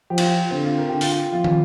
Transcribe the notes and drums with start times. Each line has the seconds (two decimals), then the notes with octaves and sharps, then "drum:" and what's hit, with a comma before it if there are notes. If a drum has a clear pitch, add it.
0.10 F3 G4
0.18 F4, drum: cymbal
0.26 G4
0.51 D3 C4
0.64 F4
0.78 A#4
0.89 D3 G4
1.01 F4, drum: open hi-hat
1.12 G4
1.32 F3 F4
1.44 drum: tom